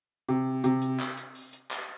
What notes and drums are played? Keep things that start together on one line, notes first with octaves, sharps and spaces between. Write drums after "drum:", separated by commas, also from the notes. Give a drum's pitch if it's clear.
C3
C3, drum: hi-hat
drum: hi-hat
drum: clap
drum: hi-hat
drum: open hi-hat
drum: hi-hat
drum: clap